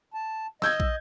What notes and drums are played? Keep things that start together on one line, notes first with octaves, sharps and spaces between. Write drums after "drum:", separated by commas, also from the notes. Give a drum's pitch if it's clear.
A5
D#5 E6 G6 G#6, drum: snare
drum: kick